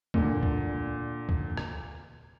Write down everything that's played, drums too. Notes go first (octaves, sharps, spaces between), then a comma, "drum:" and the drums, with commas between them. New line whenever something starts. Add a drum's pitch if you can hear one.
A#2 D3, drum: kick C#2
drum: kick C#2
drum: kick C#2
drum: rim click